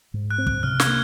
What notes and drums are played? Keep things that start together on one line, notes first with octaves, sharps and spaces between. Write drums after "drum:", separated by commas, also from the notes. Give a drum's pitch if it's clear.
G#2
F#6
C4
F#6, drum: kick
C3 F6
G#6, drum: snare
A#3